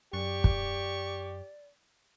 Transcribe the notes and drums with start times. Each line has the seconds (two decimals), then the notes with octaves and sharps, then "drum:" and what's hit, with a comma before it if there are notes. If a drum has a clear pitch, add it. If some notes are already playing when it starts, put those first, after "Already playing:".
0.13 F#2 G4 D5 C#6
0.44 drum: kick